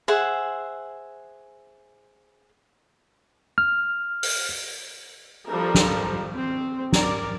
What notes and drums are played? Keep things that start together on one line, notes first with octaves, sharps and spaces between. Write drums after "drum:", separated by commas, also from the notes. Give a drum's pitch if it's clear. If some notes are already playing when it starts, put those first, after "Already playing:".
G#4 C5 E5 F#5
F6
drum: open hi-hat
F3 G3 A4 A#4, drum: cymbal
drum: snare
C4
A#4 D5, drum: snare